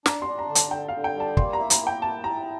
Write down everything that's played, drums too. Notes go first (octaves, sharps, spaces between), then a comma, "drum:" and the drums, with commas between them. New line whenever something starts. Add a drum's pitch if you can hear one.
D4 A#5, drum: snare
C6
D4
A#5
D3
A5, drum: hi-hat
D3 G5
F5
D3
G5
G3 A5
A#3 C6, drum: kick
A#5
E4
A#5, drum: hi-hat
A#3
G5
E4 A5
E4 A#5